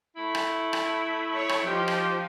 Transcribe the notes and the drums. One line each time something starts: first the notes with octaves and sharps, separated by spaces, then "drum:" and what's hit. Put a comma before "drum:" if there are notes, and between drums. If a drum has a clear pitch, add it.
A3 E4
drum: rim click
drum: rim click
C#5
drum: rim click
F3 D#4 G4
drum: rim click